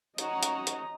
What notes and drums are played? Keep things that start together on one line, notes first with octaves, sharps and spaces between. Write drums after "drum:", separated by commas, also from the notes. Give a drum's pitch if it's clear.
C#4 D#4 F#4 D#5 A#5, drum: hi-hat
drum: hi-hat
drum: hi-hat